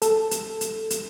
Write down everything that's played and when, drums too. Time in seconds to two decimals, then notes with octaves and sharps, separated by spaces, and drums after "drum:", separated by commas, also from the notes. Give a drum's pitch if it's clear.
0.02 A4, drum: hi-hat
0.31 drum: hi-hat
0.61 drum: hi-hat
0.90 drum: hi-hat